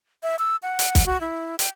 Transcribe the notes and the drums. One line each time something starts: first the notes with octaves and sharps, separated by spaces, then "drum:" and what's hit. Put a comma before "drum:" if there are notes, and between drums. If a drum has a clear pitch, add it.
E5
E6
F#5
drum: hi-hat
drum: kick, hi-hat
F#4
E4
G5, drum: hi-hat